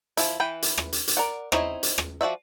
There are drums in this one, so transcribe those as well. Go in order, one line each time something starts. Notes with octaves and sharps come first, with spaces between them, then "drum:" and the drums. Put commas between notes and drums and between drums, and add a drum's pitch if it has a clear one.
F3 E4, drum: hi-hat
E3 B4 G5
drum: hi-hat
drum: rim click
drum: hi-hat
drum: hi-hat
A#4 D5 F#5
C4 D#4 E4 C#5 D#5, drum: rim click
drum: hi-hat
drum: rim click
F3 F#4 D5 E5